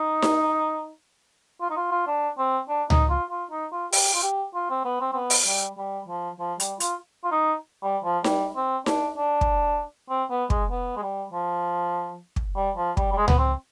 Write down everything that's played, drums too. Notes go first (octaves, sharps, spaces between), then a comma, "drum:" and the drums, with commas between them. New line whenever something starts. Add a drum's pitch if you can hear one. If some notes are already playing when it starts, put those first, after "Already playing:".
Already playing: D#4
drum: snare D#4
F4
D#4
F4
F4
D4
C4
D4
D#4, drum: tom C#2
F4
F4
D#4
F4
G4, drum: open hi-hat
F4
G4
F4
C4
B3
C4
C4
B3
drum: open hi-hat
G3
G3
F3
F3
G3, drum: hi-hat
F4, drum: hi-hat
F4
D#4
G3
F3
G3, drum: snare D#4
C4
D4, drum: snare D#4
D4
drum: kick
C4
B3
G#3, drum: kick
B3
G#3
G3
F3
drum: kick
G3
F3
G3, drum: kick
G3
G#3
B3, drum: tom C#2
C4